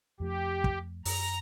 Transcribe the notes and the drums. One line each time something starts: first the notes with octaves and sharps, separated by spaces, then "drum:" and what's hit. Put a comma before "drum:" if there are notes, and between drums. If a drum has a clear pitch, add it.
F2 F3 A3 G4
drum: kick
F#2 A#5, drum: open hi-hat